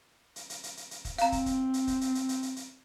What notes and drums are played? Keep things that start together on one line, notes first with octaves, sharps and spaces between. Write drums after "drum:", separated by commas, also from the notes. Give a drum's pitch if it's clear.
drum: hi-hat
drum: hi-hat
drum: hi-hat
drum: hi-hat
drum: hi-hat
drum: kick, hi-hat
C4 F5 A#5, drum: hi-hat
drum: kick, hi-hat
drum: kick, hi-hat
drum: hi-hat
drum: kick, hi-hat
drum: hi-hat
drum: hi-hat
drum: hi-hat
drum: hi-hat
drum: hi-hat